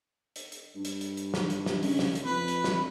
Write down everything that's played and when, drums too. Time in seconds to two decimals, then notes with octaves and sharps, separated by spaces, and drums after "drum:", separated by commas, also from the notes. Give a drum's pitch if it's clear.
0.36 drum: hi-hat
0.52 drum: hi-hat
0.75 G2
0.85 drum: hi-hat
1.01 drum: hi-hat
1.17 drum: hi-hat
1.34 drum: snare
1.50 drum: hi-hat
1.66 drum: snare
1.83 C#3, drum: open hi-hat
1.99 drum: snare
2.15 drum: hi-hat
2.25 F2 B4
2.48 drum: hi-hat
2.64 drum: snare